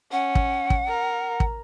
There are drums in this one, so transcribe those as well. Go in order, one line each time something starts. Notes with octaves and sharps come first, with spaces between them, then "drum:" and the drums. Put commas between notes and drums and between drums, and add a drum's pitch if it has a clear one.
C#4 F#5
drum: kick
drum: kick
A#4
drum: kick